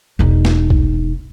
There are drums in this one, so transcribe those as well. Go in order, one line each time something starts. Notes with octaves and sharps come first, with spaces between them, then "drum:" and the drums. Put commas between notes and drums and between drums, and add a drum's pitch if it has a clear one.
E1 D#4
drum: snare
drum: kick B1